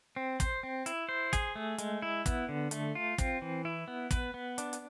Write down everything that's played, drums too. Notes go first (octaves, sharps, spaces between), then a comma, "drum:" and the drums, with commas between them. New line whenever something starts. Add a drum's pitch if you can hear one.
C4
C5, drum: kick, hi-hat
C4
E4, drum: hi-hat
C5
G#4, drum: kick, hi-hat
A3
G#3, drum: hi-hat
E4
B3, drum: kick, hi-hat
D3
A3, drum: hi-hat
F4
C4, drum: kick, hi-hat
E3
E4
B3
B4, drum: kick, hi-hat
B3
D4, drum: hi-hat
drum: hi-hat